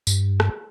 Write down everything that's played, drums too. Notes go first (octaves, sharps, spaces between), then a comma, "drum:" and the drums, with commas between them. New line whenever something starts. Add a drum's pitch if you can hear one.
G2, drum: tambourine
drum: rim click